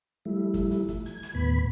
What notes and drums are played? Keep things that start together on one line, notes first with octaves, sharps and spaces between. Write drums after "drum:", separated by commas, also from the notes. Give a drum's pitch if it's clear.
F3 G3 A3 E4
drum: kick, hi-hat
drum: hi-hat
drum: kick, hi-hat
G#6, drum: hi-hat
drum: snare
D#2 A2 B3 B5